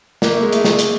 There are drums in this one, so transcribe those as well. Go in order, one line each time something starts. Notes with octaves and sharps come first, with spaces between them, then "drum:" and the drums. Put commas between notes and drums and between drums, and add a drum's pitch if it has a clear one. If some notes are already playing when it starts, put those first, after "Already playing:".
A#3, drum: snare
A3
G#3
A3, drum: hi-hat
A3, drum: snare
drum: hi-hat